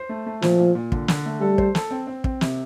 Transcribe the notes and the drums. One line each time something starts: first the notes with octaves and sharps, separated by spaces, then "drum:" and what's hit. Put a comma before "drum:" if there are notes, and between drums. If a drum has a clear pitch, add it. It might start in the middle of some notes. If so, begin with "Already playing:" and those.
Already playing: C5
A3
A3
A#2 F3, drum: snare
A#2
A#2
D3, drum: kick
D3, drum: snare
A3
G3 A4
C5, drum: kick
A4, drum: snare
C4
C4
C4, drum: kick
C3, drum: snare